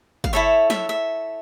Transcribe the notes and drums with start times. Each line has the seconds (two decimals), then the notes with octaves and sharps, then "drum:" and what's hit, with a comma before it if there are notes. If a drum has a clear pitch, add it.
0.24 F5, drum: kick
0.33 E4 A4 C#5 E5
0.70 E5, drum: snare
0.89 E5